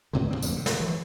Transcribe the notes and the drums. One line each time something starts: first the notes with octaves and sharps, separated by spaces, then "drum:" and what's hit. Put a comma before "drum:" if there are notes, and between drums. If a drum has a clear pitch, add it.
G#2 B2 D3
D#2 D3 C4
G1 F2 A#3, drum: tambourine
C3
drum: snare
E3 F#3